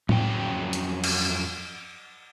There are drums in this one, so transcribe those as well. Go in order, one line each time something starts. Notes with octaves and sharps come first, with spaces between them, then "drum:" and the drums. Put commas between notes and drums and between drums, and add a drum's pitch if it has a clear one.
F2 F#3 C#4 G5, drum: tom
drum: hi-hat
drum: cymbal